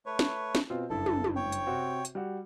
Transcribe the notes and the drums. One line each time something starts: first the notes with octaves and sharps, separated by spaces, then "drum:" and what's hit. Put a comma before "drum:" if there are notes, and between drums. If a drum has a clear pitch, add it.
A3 B4 C#5
drum: snare
drum: snare
B2 C4 F4
F#1 G2 E4 A4
drum: tom
drum: tom
C#5 G5
drum: hi-hat
C3 C4 F#4
drum: hi-hat
G3 F#4